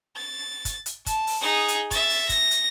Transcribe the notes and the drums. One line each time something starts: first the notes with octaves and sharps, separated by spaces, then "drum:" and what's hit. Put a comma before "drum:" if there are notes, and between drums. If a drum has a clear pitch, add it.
A6
drum: kick, hi-hat
drum: hi-hat
A5, drum: kick, hi-hat
drum: open hi-hat
D#4 G#4
drum: hi-hat
E5 A6, drum: kick, hi-hat
drum: open hi-hat
A#6, drum: kick, hi-hat
drum: hi-hat